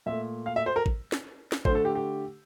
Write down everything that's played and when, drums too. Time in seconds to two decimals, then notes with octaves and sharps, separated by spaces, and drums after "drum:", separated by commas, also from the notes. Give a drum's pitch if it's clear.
0.06 A#2 A3 E5
0.46 F5
0.56 E5
0.66 C5
0.76 A#4
0.86 drum: kick A1
1.12 drum: snare
1.52 drum: snare
1.65 D3 A3 C5, drum: kick A1
1.75 A4
1.85 G4
1.95 G4